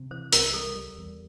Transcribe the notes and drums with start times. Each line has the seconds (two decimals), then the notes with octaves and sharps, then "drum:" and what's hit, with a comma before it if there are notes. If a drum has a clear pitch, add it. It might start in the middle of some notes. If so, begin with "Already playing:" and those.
Already playing: C3
0.11 E3 C5
0.32 C2 A#4, drum: hi-hat
0.54 G3 A4
0.75 G3
0.97 E2